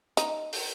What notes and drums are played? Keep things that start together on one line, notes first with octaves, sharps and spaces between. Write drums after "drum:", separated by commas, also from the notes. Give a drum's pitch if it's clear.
D#4, drum: hi-hat
drum: open hi-hat